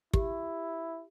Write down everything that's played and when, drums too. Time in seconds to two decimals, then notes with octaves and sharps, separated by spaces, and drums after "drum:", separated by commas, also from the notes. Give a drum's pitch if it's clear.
0.13 E4 G4, drum: kick